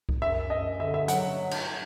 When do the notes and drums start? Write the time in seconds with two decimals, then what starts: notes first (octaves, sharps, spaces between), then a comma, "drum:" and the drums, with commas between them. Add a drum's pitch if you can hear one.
0.09 drum: kick C#2
0.21 F#2 E5
0.50 F#2 D#5
0.79 D3 E5
0.94 E5
1.08 F#3 F#5, drum: hi-hat
1.51 drum: cymbal